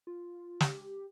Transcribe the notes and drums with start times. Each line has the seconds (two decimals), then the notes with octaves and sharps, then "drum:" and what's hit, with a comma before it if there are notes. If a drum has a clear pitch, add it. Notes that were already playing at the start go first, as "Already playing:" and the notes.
0.07 F4
0.60 G4, drum: snare